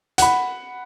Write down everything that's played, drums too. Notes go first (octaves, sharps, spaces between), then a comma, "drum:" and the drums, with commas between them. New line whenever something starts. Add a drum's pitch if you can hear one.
F#5 B5, drum: hi-hat